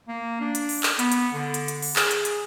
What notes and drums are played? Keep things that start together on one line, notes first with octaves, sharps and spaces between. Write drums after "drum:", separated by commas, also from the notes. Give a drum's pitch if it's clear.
A#3
D4
drum: hi-hat
drum: open hi-hat
drum: clap
B3, drum: hi-hat
drum: hi-hat
D3
drum: hi-hat
drum: hi-hat
drum: open hi-hat
G#4, drum: clap
drum: hi-hat
drum: hi-hat